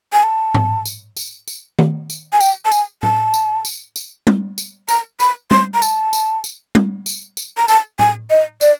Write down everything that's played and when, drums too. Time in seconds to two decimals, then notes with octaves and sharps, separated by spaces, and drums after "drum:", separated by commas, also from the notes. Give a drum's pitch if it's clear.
0.13 G#5
0.23 A5
0.54 drum: tom G#2
0.86 drum: tambourine
1.17 drum: tambourine
1.48 drum: tambourine
1.79 drum: tom D#3
2.10 drum: tambourine
2.33 G#5
2.41 G5, drum: tambourine
2.65 A5
2.72 G#5, drum: tambourine
3.03 A5, drum: tom A2
3.34 drum: tambourine
3.65 drum: tambourine
3.96 drum: tambourine
4.27 drum: tom G3
4.58 drum: tambourine
4.89 A#5, drum: tambourine
5.20 B5, drum: tambourine
5.51 C6, drum: tom G3
5.74 A#5
5.82 A5, drum: tambourine
6.13 drum: tambourine
6.44 drum: tambourine
6.75 drum: tom G3
7.06 drum: tambourine
7.37 drum: tambourine
7.57 A#5
7.68 A5, drum: tambourine
7.99 G#5, drum: tom A2
8.30 D#5
8.61 D5, drum: tambourine